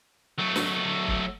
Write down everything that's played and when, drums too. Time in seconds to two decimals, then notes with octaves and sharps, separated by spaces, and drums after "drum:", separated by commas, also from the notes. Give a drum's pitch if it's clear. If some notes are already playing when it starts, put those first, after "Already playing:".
0.38 F#3 A3
0.56 drum: snare
1.08 drum: kick